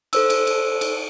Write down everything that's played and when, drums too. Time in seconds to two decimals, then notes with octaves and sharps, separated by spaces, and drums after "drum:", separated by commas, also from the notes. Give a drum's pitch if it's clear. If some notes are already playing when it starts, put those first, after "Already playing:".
0.13 A4 C5 E6, drum: cymbal
0.30 drum: cymbal
0.47 drum: cymbal
0.81 drum: cymbal